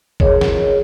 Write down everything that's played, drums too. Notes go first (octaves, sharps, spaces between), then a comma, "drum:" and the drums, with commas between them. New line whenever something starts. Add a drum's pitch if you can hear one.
G#4 A#4 C#5 D#5, drum: kick G1
drum: snare